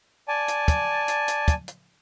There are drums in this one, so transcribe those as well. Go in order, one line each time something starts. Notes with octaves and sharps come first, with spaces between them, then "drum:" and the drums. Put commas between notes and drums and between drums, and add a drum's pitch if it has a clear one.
D5 G#5 A5
drum: hi-hat
drum: kick, hi-hat
drum: hi-hat
drum: hi-hat
drum: kick, hi-hat
drum: hi-hat